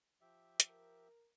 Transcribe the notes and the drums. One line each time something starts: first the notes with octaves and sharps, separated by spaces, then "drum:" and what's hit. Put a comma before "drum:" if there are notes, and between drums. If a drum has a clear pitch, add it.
F3 G4 E5
drum: hi-hat
A#4